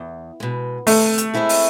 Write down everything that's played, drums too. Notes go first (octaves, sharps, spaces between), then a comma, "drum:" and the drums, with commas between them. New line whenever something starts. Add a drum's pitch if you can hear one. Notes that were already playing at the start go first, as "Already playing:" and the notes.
Already playing: E2
B2 G#3
C3 A3, drum: open hi-hat
drum: hi-hat
G#3 C4 E4 G#4
drum: open hi-hat